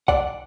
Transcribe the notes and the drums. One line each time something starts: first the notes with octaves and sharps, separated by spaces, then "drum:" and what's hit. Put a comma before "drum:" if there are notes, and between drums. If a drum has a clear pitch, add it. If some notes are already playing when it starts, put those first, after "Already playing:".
D5 F#5, drum: kick C2